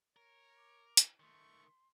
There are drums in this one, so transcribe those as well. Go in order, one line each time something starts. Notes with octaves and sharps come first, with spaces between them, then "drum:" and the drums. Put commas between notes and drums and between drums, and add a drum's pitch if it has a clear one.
A#4 C#5
D6
drum: hi-hat
D#3 A3 C6 C#6